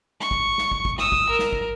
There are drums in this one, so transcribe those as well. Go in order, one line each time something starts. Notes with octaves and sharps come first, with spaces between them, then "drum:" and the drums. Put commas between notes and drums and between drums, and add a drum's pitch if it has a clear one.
C#6, drum: snare
drum: kick
drum: snare
drum: kick
drum: kick
D#6 E6, drum: snare
drum: kick
A#4
drum: snare
drum: kick